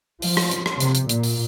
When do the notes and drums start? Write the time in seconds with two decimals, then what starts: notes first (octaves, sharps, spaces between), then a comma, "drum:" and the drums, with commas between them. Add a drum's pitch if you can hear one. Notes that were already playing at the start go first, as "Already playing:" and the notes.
0.22 F3, drum: open hi-hat
0.37 drum: rim click
0.51 drum: hi-hat
0.66 drum: rim click
0.80 C3, drum: hi-hat
0.95 drum: hi-hat
1.09 A#2, drum: hi-hat
1.23 drum: open hi-hat